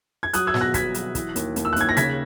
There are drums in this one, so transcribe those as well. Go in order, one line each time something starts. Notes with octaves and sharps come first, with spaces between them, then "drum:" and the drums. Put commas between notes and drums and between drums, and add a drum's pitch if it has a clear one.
G#6
F#3 D#6 F#6, drum: hi-hat
E6 G#6
B2, drum: snare G#2
F#6 A#6
B2 G#6 B6, drum: kick, hi-hat
F#3, drum: hi-hat
E3, drum: kick, hi-hat
D#2, drum: hi-hat
D#2, drum: hi-hat
E6
F#6
D#2 G#6, drum: hi-hat
A#6
C#3 G#6 B6, drum: hi-hat